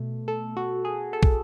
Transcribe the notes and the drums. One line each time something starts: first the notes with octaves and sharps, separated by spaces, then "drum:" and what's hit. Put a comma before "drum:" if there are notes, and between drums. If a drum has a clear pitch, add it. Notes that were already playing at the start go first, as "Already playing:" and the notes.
Already playing: B2 A3
A4
F#4
G#4
A4
drum: kick